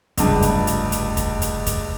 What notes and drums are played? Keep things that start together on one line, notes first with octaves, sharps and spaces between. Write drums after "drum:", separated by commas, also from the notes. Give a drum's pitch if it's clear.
F1 C#2 G2, drum: kick, hi-hat
drum: hi-hat
drum: hi-hat
drum: hi-hat
drum: kick, hi-hat
drum: hi-hat
drum: kick, hi-hat